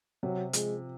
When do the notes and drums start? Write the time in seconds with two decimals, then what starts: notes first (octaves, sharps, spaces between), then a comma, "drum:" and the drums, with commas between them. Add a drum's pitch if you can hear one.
0.23 C3 F#3
0.53 F3 G#3, drum: hi-hat